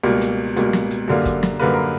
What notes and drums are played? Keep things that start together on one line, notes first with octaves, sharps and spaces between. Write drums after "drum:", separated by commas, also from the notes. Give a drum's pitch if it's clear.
C#2 B2 G3 A#3
drum: hi-hat
C#2 B2 G3 A#3, drum: hi-hat
drum: snare
drum: hi-hat
F#2 D3 G3 A#3
drum: kick, hi-hat
drum: snare
F#2 D3 G3 A#3 B4
A#4